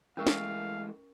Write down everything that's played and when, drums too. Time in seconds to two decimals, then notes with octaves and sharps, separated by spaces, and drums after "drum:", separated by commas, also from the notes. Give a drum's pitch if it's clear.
0.17 E3 G#3 A3 C#4 A#4 F5 C#6
0.27 drum: snare